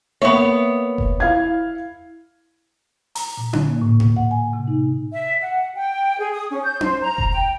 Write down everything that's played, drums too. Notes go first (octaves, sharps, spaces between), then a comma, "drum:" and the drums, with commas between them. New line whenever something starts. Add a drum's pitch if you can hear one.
A#3 B3 C#5 E5
drum: kick F1
E4 F5 G#6
A#5, drum: open hi-hat
A#2
D3, drum: tom C#4
A#3
A2
drum: tom A2
F#5
G#5
C3
D#4
E5
F#5
G5
G#4
D#6
C#4
G6
C5, drum: tom C#4
A#5
drum: kick F1
G5